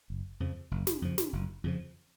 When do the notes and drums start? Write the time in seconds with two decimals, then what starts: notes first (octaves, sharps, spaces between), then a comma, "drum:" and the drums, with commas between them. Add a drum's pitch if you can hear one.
0.10 F#1
0.40 F2 C#3 F3
0.71 F#1
0.87 drum: snare
1.02 F2 C#3 F3
1.18 drum: snare
1.33 F#1
1.64 F2 C#3 F3